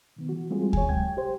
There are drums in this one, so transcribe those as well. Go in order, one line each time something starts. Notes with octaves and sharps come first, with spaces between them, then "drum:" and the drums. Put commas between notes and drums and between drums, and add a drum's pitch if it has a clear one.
B2 D#3 B3
E3 F#4
G3 G#3 C4 F4 G#4
C#5 G#5, drum: kick D2
C3 F#3 G#3 G5 G#6
G4 C5